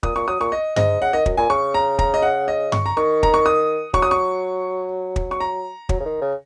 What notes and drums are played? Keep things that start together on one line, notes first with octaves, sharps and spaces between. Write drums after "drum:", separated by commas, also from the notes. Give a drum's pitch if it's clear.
A#2 D#6, drum: kick
A#2 C#6
F#3 D#6
A#2 C#6
D#5
G#2 D#5, drum: tom G2
C#3 F#5
D#3 D#5
F#2, drum: kick
A#2 G#5
C#3 C#6
A#5
A#5, drum: kick
D#5
F#5
D#5
C#6, drum: tom G2
A#5
D#3 C#6
A#5, drum: kick
C#6
D#6
F#3 C#6, drum: kick
D#6
C#6
drum: kick
C#6
A#5
F#3, drum: kick
C#3
D#3
C#3